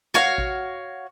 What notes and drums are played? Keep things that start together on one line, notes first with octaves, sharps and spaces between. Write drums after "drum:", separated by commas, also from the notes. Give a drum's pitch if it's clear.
F#4 C#5 F5, drum: snare
drum: kick A1